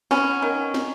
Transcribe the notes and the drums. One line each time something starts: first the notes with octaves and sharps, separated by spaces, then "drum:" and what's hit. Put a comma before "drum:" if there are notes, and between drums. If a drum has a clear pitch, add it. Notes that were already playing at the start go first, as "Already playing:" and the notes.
B3 C#4, drum: snare
D#3
drum: snare